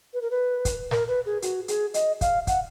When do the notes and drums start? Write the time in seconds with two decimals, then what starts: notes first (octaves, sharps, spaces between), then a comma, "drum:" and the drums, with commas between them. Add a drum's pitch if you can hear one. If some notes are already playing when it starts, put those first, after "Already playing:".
0.14 B4
0.22 A#4
0.31 B4
0.65 drum: kick, hi-hat
0.91 A#4, drum: snare
1.08 B4
1.26 G#4
1.42 F#4, drum: hi-hat
1.68 G#4, drum: hi-hat
1.94 D#5, drum: hi-hat
2.21 F5, drum: kick, hi-hat
2.47 F#5, drum: kick, hi-hat